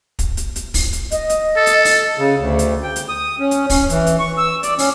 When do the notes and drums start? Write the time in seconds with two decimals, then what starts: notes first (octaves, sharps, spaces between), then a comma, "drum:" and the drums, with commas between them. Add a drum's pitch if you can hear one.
0.19 drum: kick, hi-hat
0.37 drum: hi-hat
0.56 drum: hi-hat
0.74 drum: kick, open hi-hat
0.93 drum: hi-hat
1.11 D#5, drum: hi-hat
1.30 drum: hi-hat
1.57 A4
1.66 drum: hi-hat
1.85 drum: open hi-hat
2.16 C#3
2.38 D2
2.59 drum: hi-hat
2.83 G5
2.96 drum: hi-hat
3.09 D#6
3.40 C#4
3.51 drum: hi-hat
3.70 C#4, drum: kick, open hi-hat
3.90 E3, drum: hi-hat
4.07 drum: hi-hat
4.19 C#6
4.38 E6
4.63 D5, drum: hi-hat
4.79 C#4, drum: open hi-hat